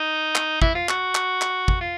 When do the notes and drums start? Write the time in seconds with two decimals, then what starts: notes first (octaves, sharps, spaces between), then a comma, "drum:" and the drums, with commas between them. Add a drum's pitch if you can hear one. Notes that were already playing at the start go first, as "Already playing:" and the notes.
Already playing: D#4
0.35 drum: clap
0.62 E4, drum: kick
0.75 F4
0.89 F#4, drum: clap
1.15 drum: clap
1.42 drum: clap
1.68 drum: kick
1.81 F4